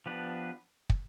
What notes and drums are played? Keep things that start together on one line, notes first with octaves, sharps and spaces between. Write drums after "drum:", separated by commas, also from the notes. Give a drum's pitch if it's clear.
F3 B3 D4 G4 B4
drum: kick